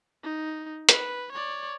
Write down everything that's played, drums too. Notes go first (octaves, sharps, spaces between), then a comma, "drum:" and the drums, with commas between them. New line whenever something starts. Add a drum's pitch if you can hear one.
D#4
B4, drum: hi-hat
C#5 D5